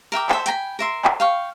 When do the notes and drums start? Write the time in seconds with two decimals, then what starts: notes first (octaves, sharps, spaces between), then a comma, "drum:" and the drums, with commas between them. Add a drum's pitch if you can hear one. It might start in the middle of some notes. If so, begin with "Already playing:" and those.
0.12 A#4 E5 G5 D6
0.29 A4 C5 E5, drum: clap
0.46 G5 G#5 A#5 B5, drum: hi-hat
0.79 A#4 E5 C6
1.05 drum: clap
1.20 F5 G5 C#6